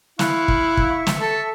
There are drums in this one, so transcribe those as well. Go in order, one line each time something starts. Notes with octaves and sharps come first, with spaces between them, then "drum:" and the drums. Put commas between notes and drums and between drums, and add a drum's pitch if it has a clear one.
E4 F5 C#6 F#6, drum: snare
drum: kick
drum: kick
E5 C#6
drum: snare
A4